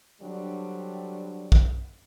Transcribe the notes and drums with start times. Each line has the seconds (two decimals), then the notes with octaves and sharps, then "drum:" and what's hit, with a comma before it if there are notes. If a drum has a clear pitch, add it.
0.21 D3 F#3 G3 C4 D4
1.52 drum: kick